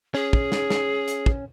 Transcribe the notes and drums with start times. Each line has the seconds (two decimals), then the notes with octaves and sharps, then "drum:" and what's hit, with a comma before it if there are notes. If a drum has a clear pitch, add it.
0.15 C#4 G#4
0.33 drum: kick
0.52 drum: snare
0.70 drum: snare
1.08 drum: hi-hat
1.26 drum: kick